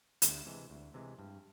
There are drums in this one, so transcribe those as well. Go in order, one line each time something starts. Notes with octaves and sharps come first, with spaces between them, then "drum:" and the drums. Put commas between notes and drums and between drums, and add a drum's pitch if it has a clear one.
D2, drum: hi-hat
C3 E3 G#3
D2
C3 E3 G#3
G2